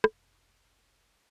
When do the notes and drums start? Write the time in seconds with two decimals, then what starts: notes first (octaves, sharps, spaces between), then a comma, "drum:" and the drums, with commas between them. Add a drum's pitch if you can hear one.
0.04 F1 B1, drum: rim click